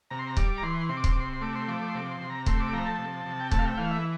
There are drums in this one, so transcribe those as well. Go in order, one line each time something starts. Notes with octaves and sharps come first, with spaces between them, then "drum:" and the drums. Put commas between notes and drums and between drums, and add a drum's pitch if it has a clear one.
C3 A#5
C6
A#5
G3 D6, drum: kick
A#5
E3 C6
C3 C6
D6
C6, drum: kick
D6
C3 C6
C6
A3 D6
C6
F3 D6
D6
C6
C3 D6
C6
C3
A#5
A3 C6, drum: kick
D6
F3 A#5
A5
C3
C3
G5
A3 A5, drum: kick
F5
G5
E3 F5
E5